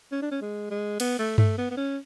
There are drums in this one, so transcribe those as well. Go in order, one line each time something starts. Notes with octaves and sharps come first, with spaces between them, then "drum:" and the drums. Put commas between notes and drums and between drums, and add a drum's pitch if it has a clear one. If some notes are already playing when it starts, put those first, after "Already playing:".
C#4
D4
C#4
G#3
G#3
B3, drum: cymbal
A3
A3, drum: tom G2
B3
B3
C#4